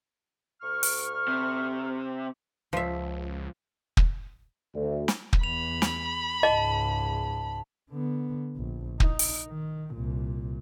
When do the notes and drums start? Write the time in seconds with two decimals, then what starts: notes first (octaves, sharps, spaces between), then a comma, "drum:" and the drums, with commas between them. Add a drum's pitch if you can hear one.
0.62 D2 C#6 F6
0.83 drum: open hi-hat
1.28 C3
2.73 C#2 F3 E5
3.97 drum: kick
4.74 D2
5.08 drum: snare
5.33 drum: kick
5.43 E2 B5 F7
5.82 drum: snare
6.43 C#2 G#2 D#5 A5
7.90 D3 B3
8.57 A#1
9.00 D#4, drum: kick
9.19 drum: open hi-hat
9.48 D#3
9.94 C2 A#2